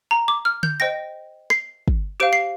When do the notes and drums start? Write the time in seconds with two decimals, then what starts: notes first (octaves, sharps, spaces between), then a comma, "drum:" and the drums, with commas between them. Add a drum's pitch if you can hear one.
0.11 A#5
0.28 D6
0.45 F6
0.63 G6, drum: tom D3
0.80 C5 D#5 G5 A#6
1.50 C7, drum: rim click
1.88 drum: kick
2.20 G4 C5 F5 D7
2.33 C7